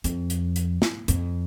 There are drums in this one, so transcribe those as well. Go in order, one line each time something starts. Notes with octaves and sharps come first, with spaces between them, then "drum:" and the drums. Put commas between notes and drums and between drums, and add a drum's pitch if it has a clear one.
F2, drum: hi-hat
drum: hi-hat
drum: hi-hat
drum: snare
F2, drum: hi-hat